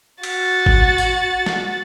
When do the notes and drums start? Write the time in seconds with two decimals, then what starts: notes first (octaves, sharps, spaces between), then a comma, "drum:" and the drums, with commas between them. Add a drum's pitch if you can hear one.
0.23 F#4 A6, drum: cymbal
0.66 drum: kick G#1
0.98 drum: tambourine
1.46 drum: snare G#3